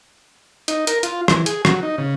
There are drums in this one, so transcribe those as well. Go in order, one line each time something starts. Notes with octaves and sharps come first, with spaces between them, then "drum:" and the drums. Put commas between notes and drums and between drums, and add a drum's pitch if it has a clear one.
D#4, drum: hi-hat
A#4, drum: hi-hat
F4, drum: hi-hat
E3, drum: rim click
G#4, drum: hi-hat
F#3, drum: rim click
D#4
C#3